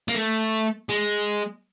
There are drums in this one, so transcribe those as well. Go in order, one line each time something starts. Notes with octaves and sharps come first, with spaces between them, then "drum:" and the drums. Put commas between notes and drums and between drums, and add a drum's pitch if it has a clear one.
A#3, drum: open hi-hat
A3
G#3